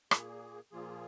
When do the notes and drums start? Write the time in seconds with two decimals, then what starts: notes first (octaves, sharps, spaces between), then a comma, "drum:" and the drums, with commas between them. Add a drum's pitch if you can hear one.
0.11 A#2 A#3 G#4, drum: rim click
0.72 A#2 F3 A#3 F4 G#4